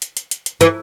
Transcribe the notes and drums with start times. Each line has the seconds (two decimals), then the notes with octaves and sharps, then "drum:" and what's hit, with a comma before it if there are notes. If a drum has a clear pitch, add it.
0.02 drum: hi-hat
0.17 drum: hi-hat
0.31 drum: hi-hat
0.46 drum: hi-hat
0.61 E3, drum: hi-hat